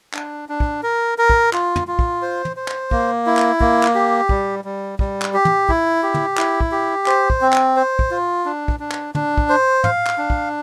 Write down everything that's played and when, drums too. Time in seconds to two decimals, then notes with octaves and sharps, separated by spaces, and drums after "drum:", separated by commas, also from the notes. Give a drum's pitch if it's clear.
0.14 D4, drum: clap
0.49 D4
0.60 drum: kick
0.83 A#4
1.18 A#4
1.30 drum: kick
1.53 F4, drum: clap
1.76 drum: tom
1.88 F4
1.99 drum: kick
2.22 C5
2.45 drum: tom
2.57 C5
2.68 drum: clap
2.91 A#3, drum: kick
3.26 E4
3.37 drum: clap
3.61 A#3, drum: kick
3.83 drum: clap
3.95 G4
4.29 G3, drum: kick
4.65 G3
4.99 G3, drum: kick
5.22 drum: clap
5.34 G4
5.45 drum: tom
5.69 E4, drum: kick
6.03 G4
6.14 drum: tom
6.38 E4, drum: clap
6.61 drum: kick
6.72 G4
7.07 C5, drum: clap
7.30 drum: kick
7.41 C4
7.53 drum: clap
7.76 C5
7.99 drum: kick
8.11 F4
8.45 D4
8.68 drum: kick
8.80 D4
8.91 drum: clap
9.15 D4, drum: tom
9.38 drum: kick
9.49 C5
9.84 F5, drum: tom
10.07 drum: clap
10.18 D4
10.30 drum: kick